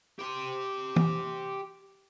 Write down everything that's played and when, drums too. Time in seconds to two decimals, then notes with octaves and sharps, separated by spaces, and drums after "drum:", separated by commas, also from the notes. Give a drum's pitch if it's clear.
0.19 G4 C6
0.96 drum: tom